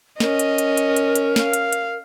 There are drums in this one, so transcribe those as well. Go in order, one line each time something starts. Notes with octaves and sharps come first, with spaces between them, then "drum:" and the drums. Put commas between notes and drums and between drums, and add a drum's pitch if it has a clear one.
C#4 A#4 D#5, drum: snare
drum: hi-hat
drum: hi-hat
drum: hi-hat
drum: hi-hat
drum: hi-hat
F5, drum: snare
drum: hi-hat
drum: hi-hat